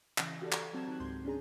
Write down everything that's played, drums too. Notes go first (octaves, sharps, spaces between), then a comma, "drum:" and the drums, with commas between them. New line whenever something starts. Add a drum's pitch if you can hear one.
C#3 E3 A#6, drum: clap
F#4 G4 A4 D5
drum: clap
F#3 C4 A5 G#6 E7
D#3 F#6
C#2 G#2 D#3 C6 G6 G#6
C#4 D4 G#4 A#5